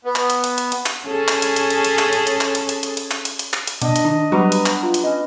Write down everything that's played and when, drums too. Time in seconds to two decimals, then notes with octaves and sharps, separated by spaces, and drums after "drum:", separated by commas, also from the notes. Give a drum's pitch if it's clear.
0.05 B3
0.16 drum: clap
0.30 drum: hi-hat
0.44 drum: hi-hat
0.58 drum: hi-hat
0.72 drum: hi-hat
0.86 drum: clap
1.07 C#4 G#4 A4
1.28 drum: clap
1.42 drum: hi-hat
1.56 drum: hi-hat
1.70 drum: hi-hat
1.85 drum: hi-hat
1.99 drum: clap
2.13 drum: hi-hat
2.27 drum: hi-hat
2.41 drum: clap
2.55 drum: hi-hat
2.69 drum: hi-hat
2.83 drum: hi-hat
2.97 drum: hi-hat
3.11 drum: clap
3.25 drum: hi-hat
3.39 drum: hi-hat
3.53 drum: clap
3.67 drum: hi-hat
3.82 B2 D4 D#5, drum: hi-hat
3.96 drum: hi-hat
4.05 D#3
4.32 F#3 G3 B3 A#5
4.52 drum: hi-hat
4.66 drum: clap
4.83 F4
4.94 drum: hi-hat
5.04 C#4 D#5